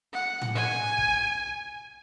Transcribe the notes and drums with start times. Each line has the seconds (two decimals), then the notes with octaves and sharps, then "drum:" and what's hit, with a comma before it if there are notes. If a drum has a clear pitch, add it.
0.13 F#5
0.41 drum: tom A2
0.55 G#5
0.98 drum: kick